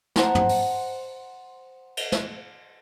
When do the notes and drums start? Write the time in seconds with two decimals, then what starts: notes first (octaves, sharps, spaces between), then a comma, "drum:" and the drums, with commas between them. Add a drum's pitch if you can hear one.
0.16 C5 D#5 F#5 A5 A#5 C6, drum: snare
0.35 drum: tom
0.49 drum: open hi-hat
1.97 drum: cymbal
2.12 drum: snare